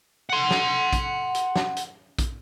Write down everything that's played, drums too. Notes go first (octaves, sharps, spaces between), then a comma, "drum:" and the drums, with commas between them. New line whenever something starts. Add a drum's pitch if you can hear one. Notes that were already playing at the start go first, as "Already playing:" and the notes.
F#5 C6
drum: snare
drum: kick, hi-hat
drum: hi-hat
drum: snare
drum: hi-hat
drum: kick, hi-hat